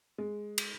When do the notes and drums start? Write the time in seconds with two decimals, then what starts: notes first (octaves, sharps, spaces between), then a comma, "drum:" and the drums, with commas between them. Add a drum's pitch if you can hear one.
0.18 G#3
0.58 drum: cymbal